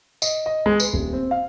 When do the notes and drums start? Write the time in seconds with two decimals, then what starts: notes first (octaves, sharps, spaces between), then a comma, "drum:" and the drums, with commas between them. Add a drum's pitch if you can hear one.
0.22 D#5, drum: tambourine
0.46 D#5
0.66 G#3
0.80 B4, drum: tambourine
0.93 D#1
1.13 C4
1.31 F5